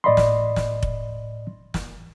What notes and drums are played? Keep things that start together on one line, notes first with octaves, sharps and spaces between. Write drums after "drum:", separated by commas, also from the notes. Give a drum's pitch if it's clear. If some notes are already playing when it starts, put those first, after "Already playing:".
A2 D5 D#5 B5 C6
drum: snare
drum: snare
drum: kick F1
drum: snare